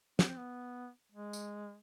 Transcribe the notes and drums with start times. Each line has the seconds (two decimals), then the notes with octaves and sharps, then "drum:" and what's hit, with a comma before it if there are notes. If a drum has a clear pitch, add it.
0.19 B3, drum: snare
0.27 C4
0.36 B3
1.12 G#3
1.33 drum: tambourine